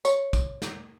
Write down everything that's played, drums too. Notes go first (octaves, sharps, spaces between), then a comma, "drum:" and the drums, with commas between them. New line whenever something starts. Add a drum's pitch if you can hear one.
C#5, drum: tambourine
drum: kick, tambourine
drum: snare